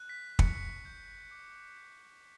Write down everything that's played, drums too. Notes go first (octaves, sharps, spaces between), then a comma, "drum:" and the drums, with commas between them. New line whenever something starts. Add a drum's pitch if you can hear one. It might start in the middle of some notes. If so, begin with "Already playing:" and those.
Already playing: F#6
B6
C#6 C#7, drum: kick
G6
D6
F#6